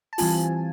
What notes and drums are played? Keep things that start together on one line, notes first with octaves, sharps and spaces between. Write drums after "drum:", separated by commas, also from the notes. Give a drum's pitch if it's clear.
A5
E3 G3 C4 F4 G#5, drum: open hi-hat